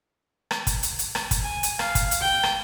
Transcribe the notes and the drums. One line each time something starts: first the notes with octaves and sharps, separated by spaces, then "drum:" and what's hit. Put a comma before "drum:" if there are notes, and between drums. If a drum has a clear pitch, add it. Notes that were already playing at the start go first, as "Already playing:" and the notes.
drum: rim click
drum: kick, hi-hat
drum: hi-hat
drum: hi-hat
drum: rim click
drum: kick, hi-hat
G#5
drum: hi-hat
F5, drum: rim click
drum: kick, hi-hat
drum: hi-hat
G5
drum: rim click